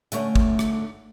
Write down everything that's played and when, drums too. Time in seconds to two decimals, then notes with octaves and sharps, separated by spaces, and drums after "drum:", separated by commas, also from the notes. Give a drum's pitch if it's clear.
0.12 D3 A3 C#4, drum: hi-hat
0.35 drum: kick
0.59 drum: rim click